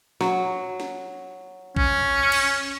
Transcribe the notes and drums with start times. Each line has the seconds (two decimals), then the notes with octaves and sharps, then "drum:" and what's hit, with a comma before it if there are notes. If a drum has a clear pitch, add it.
0.21 F#3, drum: snare
0.80 drum: snare
1.76 C#4, drum: kick
2.32 drum: cymbal